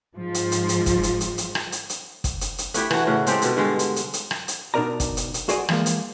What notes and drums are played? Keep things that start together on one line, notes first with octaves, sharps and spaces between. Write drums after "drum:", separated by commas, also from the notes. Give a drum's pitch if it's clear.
G#2 F3
drum: hi-hat
drum: hi-hat
drum: hi-hat
drum: kick, hi-hat
drum: hi-hat
drum: hi-hat
drum: hi-hat
drum: rim click
drum: hi-hat
drum: hi-hat
drum: kick, hi-hat
drum: hi-hat
drum: hi-hat
A3 D4 E4 G4, drum: hi-hat
E3 F#4, drum: rim click
A2 C#3 F#4
G#3 C4 G4 A4, drum: hi-hat
B2 D3, drum: hi-hat
G2 D3 G#3
drum: hi-hat
drum: hi-hat
drum: hi-hat
drum: rim click
drum: hi-hat
B2 D4 D#4 A#4 D5 A#5
drum: kick, hi-hat
drum: hi-hat
drum: hi-hat
F#4 G#4 C5 D5 F#5 G#5, drum: hi-hat
E3 F3 G#3 A#3, drum: rim click
drum: hi-hat